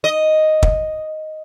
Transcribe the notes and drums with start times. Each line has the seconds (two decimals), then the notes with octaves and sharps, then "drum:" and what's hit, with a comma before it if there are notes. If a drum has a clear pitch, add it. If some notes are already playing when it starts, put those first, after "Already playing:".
0.04 D#5
0.63 drum: kick